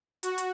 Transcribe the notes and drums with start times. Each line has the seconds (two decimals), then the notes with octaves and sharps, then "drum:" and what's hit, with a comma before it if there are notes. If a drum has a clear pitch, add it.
0.23 F#4, drum: hi-hat
0.38 drum: hi-hat